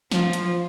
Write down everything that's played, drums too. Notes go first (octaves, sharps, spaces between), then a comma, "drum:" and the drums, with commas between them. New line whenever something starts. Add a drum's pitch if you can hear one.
F3, drum: snare
drum: hi-hat